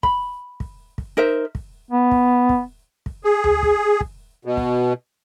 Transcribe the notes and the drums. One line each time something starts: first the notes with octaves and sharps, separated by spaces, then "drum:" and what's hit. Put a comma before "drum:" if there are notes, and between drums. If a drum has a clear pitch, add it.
B5, drum: kick
drum: kick
drum: kick
D#4 A#4 C5 E5
drum: kick
B3
drum: kick
drum: kick
drum: kick
G#4
drum: tom D2
drum: kick
drum: kick
B2
drum: kick